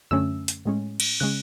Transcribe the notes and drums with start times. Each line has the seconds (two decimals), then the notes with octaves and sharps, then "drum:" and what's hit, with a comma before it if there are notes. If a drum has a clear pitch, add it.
0.11 F#2 D3 A3 C#4 E6
0.48 drum: hi-hat
0.65 A2 G#3 C#4
1.00 drum: cymbal
1.20 C#3 G#3 C#4 F#6